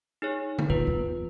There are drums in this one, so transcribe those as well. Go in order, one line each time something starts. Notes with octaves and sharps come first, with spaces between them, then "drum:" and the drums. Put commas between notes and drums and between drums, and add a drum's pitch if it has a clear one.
D#4 G#4 C#5
drum: tom D3
A#2 F4 B4
E2